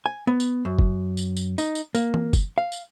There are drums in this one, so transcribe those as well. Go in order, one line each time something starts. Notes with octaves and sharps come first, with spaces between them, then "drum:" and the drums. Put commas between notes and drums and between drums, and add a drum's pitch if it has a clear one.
G#5
B3
drum: tambourine
F#2
drum: kick F#1
drum: tambourine
drum: tambourine
D#4, drum: tambourine
drum: tambourine
A#3, drum: tambourine
drum: tom E3
drum: kick F#1, tambourine
F5
drum: tambourine